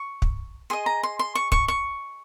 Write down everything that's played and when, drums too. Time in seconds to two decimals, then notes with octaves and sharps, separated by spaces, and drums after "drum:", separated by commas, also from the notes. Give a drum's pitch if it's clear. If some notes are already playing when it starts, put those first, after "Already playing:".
Already playing: C#6
0.22 drum: kick
0.70 G#4 D#5 C6
0.86 A#5
1.03 C6
1.19 C6
1.35 C#6
1.52 C#6, drum: kick
1.68 C#6